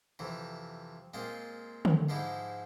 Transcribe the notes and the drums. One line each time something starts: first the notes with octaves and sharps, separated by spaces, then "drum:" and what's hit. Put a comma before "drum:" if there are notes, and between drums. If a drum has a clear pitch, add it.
F2 C3 E3
A#2 G#3 C4 F4
drum: tom D3
G#2 F3 G#3 E4 G4